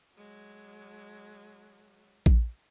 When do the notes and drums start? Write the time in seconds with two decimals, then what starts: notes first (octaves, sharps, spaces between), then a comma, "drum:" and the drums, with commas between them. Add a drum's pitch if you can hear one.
0.15 F#3 G#3
2.26 drum: kick A#1